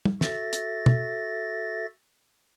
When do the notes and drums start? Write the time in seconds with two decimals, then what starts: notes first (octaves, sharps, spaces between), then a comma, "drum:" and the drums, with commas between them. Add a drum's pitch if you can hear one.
0.05 drum: tom
0.21 F#4 A4 E5 A6 A#6, drum: snare
0.53 drum: hi-hat
0.86 drum: tom